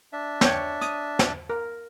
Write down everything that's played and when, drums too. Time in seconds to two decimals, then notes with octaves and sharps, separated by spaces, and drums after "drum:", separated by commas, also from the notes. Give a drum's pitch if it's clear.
0.13 D4 E5
0.41 C#5 G5 C#6, drum: snare
0.81 D#6, drum: hi-hat
1.19 drum: snare
1.50 A#4